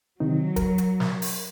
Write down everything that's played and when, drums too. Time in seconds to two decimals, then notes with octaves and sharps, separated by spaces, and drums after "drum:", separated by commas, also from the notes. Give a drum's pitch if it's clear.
0.20 C3 D#3 F#3 D#4
0.56 A#4, drum: kick, hi-hat
0.78 drum: hi-hat
1.00 drum: snare
1.22 drum: open hi-hat